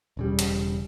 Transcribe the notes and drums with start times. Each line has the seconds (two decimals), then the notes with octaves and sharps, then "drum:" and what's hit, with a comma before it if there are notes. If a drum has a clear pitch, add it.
0.17 E1 C#3 G3
0.39 drum: hi-hat